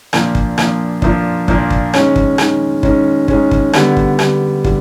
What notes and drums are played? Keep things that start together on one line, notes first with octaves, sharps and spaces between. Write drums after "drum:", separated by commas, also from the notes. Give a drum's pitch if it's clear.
A#2 F3 A#3 D4, drum: rim click
drum: kick
A#2 F3 A#3 D4, drum: rim click
A#2 F3 A#3 D4, drum: kick
A#2 F3 A#3 D4, drum: kick
drum: kick
D#3 G#3 C#4, drum: rim click
drum: kick
D#3 G#3 C#4, drum: rim click
D#3 G#3 C#4, drum: kick
D#3 G#3 C#4, drum: kick
drum: kick
D3 G3 B3, drum: rim click
drum: kick
D3 G3 B3, drum: rim click
D3 G3, drum: kick